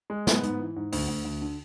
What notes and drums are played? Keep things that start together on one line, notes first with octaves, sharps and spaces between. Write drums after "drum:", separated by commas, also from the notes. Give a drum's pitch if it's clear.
G#3
B3, drum: snare
G#2, drum: hi-hat
E3
G#2
D2, drum: open hi-hat
D2
D2
D3